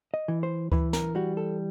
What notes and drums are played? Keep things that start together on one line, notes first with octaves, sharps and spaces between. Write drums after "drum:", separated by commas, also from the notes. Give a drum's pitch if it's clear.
D#5
E3
C5
E3 B4, drum: kick D2
A#4, drum: snare
G3 F#4
A4